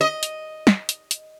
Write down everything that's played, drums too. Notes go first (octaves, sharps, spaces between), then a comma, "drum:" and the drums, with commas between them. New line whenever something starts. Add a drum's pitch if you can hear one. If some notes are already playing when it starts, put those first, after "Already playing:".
D#5
drum: hi-hat
drum: snare
drum: hi-hat
drum: hi-hat